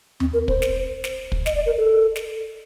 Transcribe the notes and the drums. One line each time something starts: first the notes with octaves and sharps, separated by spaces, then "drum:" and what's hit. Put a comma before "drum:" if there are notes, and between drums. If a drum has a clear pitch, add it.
C4, drum: tom D#2
A#4
C5, drum: kick
drum: snare
drum: snare
drum: kick
D#5, drum: snare
D5
A#4
A4
drum: snare